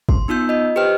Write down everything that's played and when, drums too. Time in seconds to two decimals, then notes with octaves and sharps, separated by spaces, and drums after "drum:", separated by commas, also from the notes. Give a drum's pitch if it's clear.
0.09 C6, drum: kick
0.28 B3 D#4 F4 E6 G6
0.49 F4 D#5
0.76 G4 B4 C5 D#5 G5 F6